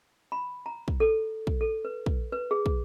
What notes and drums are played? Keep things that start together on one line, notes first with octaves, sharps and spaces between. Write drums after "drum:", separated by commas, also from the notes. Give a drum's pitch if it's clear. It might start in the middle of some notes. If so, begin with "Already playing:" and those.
B5
A#5
drum: kick
A4
drum: kick
A4
B4
drum: kick
B4
G#4
drum: kick